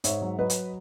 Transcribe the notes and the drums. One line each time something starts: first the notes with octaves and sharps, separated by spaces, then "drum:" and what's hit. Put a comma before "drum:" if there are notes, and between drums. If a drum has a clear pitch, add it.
G#2 C#5 E5, drum: hi-hat
F#3
F#3 B4 D#5
drum: hi-hat